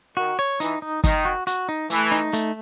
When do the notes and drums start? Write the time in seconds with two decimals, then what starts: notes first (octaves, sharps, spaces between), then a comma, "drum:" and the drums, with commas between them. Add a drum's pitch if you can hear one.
0.17 D#3 F#4
0.39 C#5
0.60 E3 D#4, drum: hi-hat
0.82 D#4
1.04 D#3 D#4, drum: kick, hi-hat
1.25 F#4
1.47 F#4, drum: hi-hat
1.69 D#4
1.90 E3 A3, drum: hi-hat
2.12 D#4
2.33 A3, drum: hi-hat